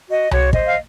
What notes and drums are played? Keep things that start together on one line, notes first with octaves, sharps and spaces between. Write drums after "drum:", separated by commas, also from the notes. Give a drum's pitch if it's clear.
F#4 D#5
F#4 C#5, drum: tom C2
C5 D#5, drum: kick
F5